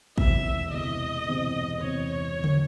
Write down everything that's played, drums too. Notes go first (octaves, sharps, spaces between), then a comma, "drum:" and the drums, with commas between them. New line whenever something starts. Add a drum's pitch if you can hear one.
E1 E2 C3 E3 C4 E5, drum: kick
E1 E2 C3 E3 C4 D#5
E1 E2 C3 E3 C4
E1 E2 C3 E3 C4 C#5
drum: tom C#3